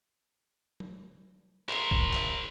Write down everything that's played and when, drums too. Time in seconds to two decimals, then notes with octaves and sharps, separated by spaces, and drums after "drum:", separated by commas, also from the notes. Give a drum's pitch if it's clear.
0.80 drum: tom F#3
1.69 A#4 C5, drum: clap
1.91 drum: kick A#1
2.14 drum: clap